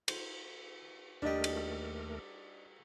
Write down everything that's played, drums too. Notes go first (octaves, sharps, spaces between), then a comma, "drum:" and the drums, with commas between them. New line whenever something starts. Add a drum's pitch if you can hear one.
C5, drum: cymbal
D#2 G3 A3 D4 G4 A#4 D#5
drum: cymbal